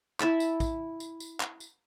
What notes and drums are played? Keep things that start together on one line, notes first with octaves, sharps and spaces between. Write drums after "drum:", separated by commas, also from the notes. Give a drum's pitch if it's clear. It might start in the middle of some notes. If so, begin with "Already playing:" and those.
E4 E5 A5 B5, drum: clap
drum: tambourine
drum: kick, tambourine
drum: tambourine
drum: tambourine
drum: clap
drum: tambourine